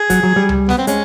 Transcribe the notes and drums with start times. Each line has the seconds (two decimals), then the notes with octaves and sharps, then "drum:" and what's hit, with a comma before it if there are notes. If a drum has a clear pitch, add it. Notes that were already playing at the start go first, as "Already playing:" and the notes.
Already playing: G#4
0.10 F#3, drum: kick, hi-hat
0.23 F#3
0.36 G3
0.49 drum: tom C#2
0.69 B3, drum: snare
0.78 C4
0.87 G#3 C#4, drum: hi-hat